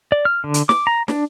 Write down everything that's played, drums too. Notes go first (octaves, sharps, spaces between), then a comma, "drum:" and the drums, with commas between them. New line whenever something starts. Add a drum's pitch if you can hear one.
D5
F6
D3
drum: hi-hat
D6, drum: snare
A#5
D4, drum: snare